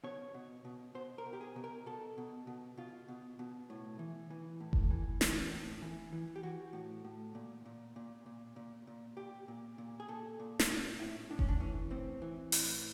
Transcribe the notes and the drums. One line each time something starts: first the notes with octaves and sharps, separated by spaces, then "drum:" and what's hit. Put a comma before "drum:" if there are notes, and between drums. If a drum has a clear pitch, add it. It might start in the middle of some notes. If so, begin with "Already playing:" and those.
B2 C#5
B2
B2
B2 C5
A#4
B2
G4
G#4
B2
A#4
B2 A4
B2
B2
B2 F4
B2
B2
A2
E3
E3
A2
drum: kick F1
E3
E3, drum: snare
A2
E3
E3
G4
E3 F#4
A2
A2
A#2
A#2
A#2
A#2
A#2
A#2
A#2 G4
A#2
A#2
G#4
A#2 A4
A#2
drum: snare
A#2
A2 E4
A2 D4
C#4, drum: kick F1
D4
E3 C#4
A2 C4
E3
A2, drum: open hi-hat